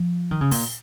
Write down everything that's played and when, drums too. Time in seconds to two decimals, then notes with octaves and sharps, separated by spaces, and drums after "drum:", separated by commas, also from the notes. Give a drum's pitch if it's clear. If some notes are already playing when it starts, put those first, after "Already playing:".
Already playing: F3
0.31 D#3
0.41 C#3
0.51 A#2, drum: open hi-hat